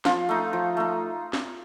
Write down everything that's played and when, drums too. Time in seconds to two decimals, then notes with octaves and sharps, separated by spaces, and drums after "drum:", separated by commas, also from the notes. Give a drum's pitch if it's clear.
0.05 F3 F4, drum: snare
0.29 A3 D#4
0.53 F3
0.77 A3 D#4
1.33 drum: snare